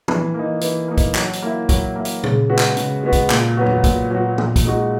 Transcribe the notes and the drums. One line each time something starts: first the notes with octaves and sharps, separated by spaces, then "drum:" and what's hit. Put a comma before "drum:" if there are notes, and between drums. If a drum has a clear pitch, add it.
E3, drum: tom
A#3
D#4
E3, drum: hi-hat
A#3 D#4
drum: kick, hi-hat
F#3, drum: clap
drum: hi-hat
A#3 E4
F#3, drum: kick, hi-hat
A#3 E4
drum: hi-hat
C#3, drum: tom A#2
G#3 B3 F#4
drum: clap
C#3, drum: hi-hat
G#3 B3 F#4
drum: kick, hi-hat
A#2, drum: clap
F#3 B3 F#4
drum: tom F2
A#2, drum: kick, hi-hat
F#3 B3 F#4
A#2, drum: tom
drum: kick, hi-hat
G#3 D#4 F#4